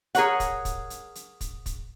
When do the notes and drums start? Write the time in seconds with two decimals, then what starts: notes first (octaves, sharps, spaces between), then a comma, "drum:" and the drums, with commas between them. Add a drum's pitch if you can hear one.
0.15 G#4 A#4 C#5 F#5, drum: hi-hat
0.40 drum: kick, hi-hat
0.65 drum: kick, hi-hat
0.90 drum: hi-hat
1.15 drum: hi-hat
1.41 drum: kick, hi-hat
1.66 drum: kick, hi-hat